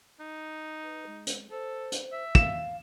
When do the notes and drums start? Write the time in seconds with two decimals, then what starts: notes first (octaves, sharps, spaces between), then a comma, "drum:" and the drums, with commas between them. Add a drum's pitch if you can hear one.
0.20 D#4
0.84 B4
1.06 G#3
1.27 drum: hi-hat
1.51 A4 C5
1.92 drum: hi-hat
2.12 E5
2.35 F5 E7, drum: kick